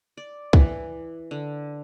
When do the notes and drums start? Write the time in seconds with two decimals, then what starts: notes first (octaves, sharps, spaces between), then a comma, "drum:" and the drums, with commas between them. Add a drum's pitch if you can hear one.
0.17 D5
0.53 E3, drum: kick
1.31 D3